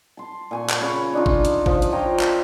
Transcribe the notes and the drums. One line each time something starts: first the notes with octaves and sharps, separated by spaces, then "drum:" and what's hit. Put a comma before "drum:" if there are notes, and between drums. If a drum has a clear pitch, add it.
A5 C6
A#2 G#5 C#6
drum: clap
C#3 C#5 B5
D4 D#4 F4
drum: kick G#1
drum: hi-hat
F3, drum: kick G#1
drum: hi-hat
F4 C#5 G5 A#5
drum: clap